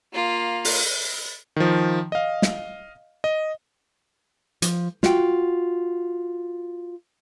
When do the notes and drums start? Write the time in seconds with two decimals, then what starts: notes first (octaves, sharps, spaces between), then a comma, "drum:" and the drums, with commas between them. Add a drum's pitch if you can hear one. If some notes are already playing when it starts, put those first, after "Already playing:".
0.13 A#3 F4
0.65 drum: open hi-hat
1.56 D#3 F3
2.12 D#5 F5
2.42 drum: snare
3.24 D#5
4.62 F3, drum: hi-hat
5.03 F4 F#4 G5, drum: snare